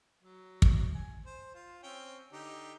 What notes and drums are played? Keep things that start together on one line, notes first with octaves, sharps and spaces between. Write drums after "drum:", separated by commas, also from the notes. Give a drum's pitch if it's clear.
F#3
drum: kick
G#5
C5
F4
C4 C#4 G5
D3 D#4 G4